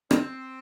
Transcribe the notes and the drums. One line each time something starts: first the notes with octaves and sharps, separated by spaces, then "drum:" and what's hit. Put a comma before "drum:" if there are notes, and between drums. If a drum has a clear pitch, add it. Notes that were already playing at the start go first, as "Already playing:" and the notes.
C4, drum: rim click